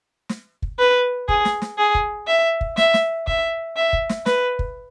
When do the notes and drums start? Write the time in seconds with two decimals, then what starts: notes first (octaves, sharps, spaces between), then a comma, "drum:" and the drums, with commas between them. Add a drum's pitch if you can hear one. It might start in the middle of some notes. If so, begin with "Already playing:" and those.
0.29 drum: snare
0.62 drum: kick
0.79 B4
1.29 G#4, drum: kick
1.45 drum: snare
1.62 drum: snare
1.78 G#4
1.95 drum: kick
2.28 E5
2.61 drum: kick
2.77 E5, drum: snare
2.94 drum: snare
3.27 E5, drum: kick
3.77 E5
3.93 drum: kick
4.09 drum: snare
4.26 B4, drum: snare
4.59 drum: kick